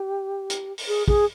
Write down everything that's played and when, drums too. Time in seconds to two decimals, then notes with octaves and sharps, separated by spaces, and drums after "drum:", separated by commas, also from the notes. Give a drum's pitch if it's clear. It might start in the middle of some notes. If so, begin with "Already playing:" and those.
Already playing: G4
0.50 drum: hi-hat
0.78 drum: open hi-hat
0.88 G#4
1.08 G#4, drum: kick